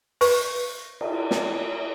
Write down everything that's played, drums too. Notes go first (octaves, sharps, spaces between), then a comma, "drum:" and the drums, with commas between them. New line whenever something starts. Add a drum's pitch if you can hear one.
B4 C#6, drum: open hi-hat
drum: cymbal
drum: snare